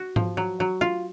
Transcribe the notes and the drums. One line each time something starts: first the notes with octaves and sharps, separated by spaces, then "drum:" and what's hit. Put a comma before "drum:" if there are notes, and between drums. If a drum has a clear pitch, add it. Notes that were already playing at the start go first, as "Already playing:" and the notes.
Already playing: F#4
F3, drum: tom G#2
F#3
F#3
F4